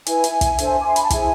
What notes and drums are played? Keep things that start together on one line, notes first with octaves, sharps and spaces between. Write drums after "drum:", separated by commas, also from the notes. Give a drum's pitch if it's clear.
E4 B4 E5 G#5, drum: hi-hat
drum: hi-hat
drum: kick, hi-hat
D4 A4 C5, drum: hi-hat
D6
C6
B5, drum: hi-hat
A5
E4 G#4 C5 E5 G#5, drum: kick, hi-hat